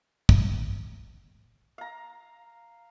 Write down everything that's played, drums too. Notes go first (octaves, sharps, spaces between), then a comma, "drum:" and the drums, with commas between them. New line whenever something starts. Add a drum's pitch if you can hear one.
drum: kick
F5 A#5